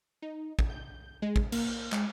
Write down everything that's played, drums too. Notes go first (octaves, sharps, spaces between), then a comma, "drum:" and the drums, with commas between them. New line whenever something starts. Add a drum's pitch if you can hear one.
D#4
drum: kick
G6
G#3
drum: kick
A#3, drum: cymbal
G#3, drum: clap